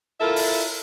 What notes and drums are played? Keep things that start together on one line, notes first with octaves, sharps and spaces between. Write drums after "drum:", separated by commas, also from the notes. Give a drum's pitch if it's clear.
E4 F4 A4 A#4 E5
drum: open hi-hat